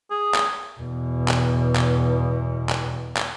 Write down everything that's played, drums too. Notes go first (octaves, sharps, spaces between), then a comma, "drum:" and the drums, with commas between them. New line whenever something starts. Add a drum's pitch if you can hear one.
G#4
drum: clap
E2 B2
drum: clap
drum: clap
drum: clap
drum: clap